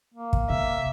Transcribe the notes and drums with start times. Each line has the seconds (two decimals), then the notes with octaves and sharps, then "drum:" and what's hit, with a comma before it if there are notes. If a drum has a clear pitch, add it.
0.14 A#3
0.33 drum: kick
0.50 C3 E5